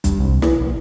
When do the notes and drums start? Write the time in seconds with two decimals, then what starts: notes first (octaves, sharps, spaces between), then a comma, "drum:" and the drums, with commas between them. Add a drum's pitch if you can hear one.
0.04 G2, drum: kick, hi-hat
0.19 C2
0.42 E3, drum: snare
0.60 A#1